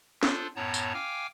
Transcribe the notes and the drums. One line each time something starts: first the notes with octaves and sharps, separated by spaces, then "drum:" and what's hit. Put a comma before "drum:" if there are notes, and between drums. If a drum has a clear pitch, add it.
D4 F4 A4 C5, drum: snare
F#2 A2 B3 C#5 A5 A#5
drum: tambourine
F5 G5 G#5 D6 F6